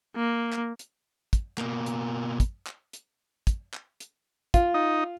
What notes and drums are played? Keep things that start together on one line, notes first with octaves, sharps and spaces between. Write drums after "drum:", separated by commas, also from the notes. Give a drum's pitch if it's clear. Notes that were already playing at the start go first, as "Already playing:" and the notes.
A#3
drum: clap
drum: hi-hat
drum: kick, hi-hat
B2 A#3, drum: clap
drum: hi-hat
drum: kick, hi-hat
drum: clap
drum: hi-hat
drum: kick, hi-hat
drum: clap
drum: hi-hat
F4, drum: kick, hi-hat
D#4